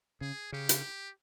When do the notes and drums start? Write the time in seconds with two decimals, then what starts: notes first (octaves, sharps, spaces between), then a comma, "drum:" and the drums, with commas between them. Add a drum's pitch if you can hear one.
0.21 C#3 G#4
0.52 C#3 G4
0.69 drum: hi-hat